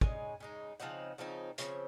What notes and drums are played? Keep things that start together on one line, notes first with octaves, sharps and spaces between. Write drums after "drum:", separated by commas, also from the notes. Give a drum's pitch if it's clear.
C#3 G#3 D#4 G#5, drum: kick
C#3 G#3 D#4
C#3 F3 C4 D#4 F#5
C#3 F3 C4 D#4
C#3 F3 C4 C#5, drum: hi-hat